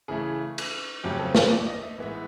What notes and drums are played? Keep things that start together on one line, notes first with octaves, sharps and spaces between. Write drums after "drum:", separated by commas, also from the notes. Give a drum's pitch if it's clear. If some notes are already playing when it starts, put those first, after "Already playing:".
C#3 E3 A3 G#4
drum: cymbal
F2 C#3 F#3 A3 C4 G4
A4
C#5, drum: snare
D5
D#5
E5
A2 E3 G#3 B3 E5